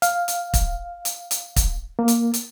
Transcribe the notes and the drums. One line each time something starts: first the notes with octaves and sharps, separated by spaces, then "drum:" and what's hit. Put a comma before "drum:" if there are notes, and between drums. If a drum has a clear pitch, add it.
F5, drum: hi-hat
drum: hi-hat
drum: kick, hi-hat
drum: hi-hat
drum: hi-hat
drum: kick, hi-hat
A#3
drum: hi-hat
drum: hi-hat